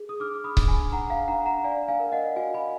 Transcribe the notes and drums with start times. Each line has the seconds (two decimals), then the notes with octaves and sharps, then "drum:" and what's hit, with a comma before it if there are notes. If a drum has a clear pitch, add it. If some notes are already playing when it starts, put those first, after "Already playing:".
Already playing: G#4
0.09 D#6
0.20 D4 D6 F6
0.35 D6
0.44 B5 D#6
0.57 D4, drum: kick C#1
0.68 G#5 B5
0.92 D4 F#5 A#5
1.10 F5 G#5
1.28 D4 F#5 A#5
1.46 F#5 A#5
1.64 D5 F5 G#5
1.88 F5 G#5
2.00 A#4
2.12 D#5 F#5
2.36 F#4 F5 G#5
2.54 G#5 B5